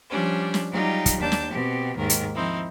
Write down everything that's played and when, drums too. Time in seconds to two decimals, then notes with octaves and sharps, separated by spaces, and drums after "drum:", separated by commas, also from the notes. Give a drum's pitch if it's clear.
0.10 F3 G3 C#4 D4
0.54 drum: snare
0.71 F#3 G3 D#4 F4 G4
1.06 drum: kick, hi-hat
1.20 D#2 D4 A5 G6
1.32 drum: snare
1.51 B2 C4 G4
1.97 D#2 G#2 D#3 A#4
2.10 drum: hi-hat
2.35 F3 C4 D#4 E4